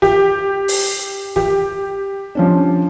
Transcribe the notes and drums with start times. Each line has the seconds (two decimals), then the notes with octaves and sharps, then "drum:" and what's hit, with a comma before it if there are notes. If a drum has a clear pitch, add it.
0.02 G4, drum: snare
0.68 drum: open hi-hat
1.36 G4, drum: snare
2.35 F3 C#4 D4